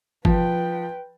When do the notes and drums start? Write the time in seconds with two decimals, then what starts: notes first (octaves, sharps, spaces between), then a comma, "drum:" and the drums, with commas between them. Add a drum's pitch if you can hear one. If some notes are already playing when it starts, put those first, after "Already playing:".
0.25 F3 B4 G5, drum: kick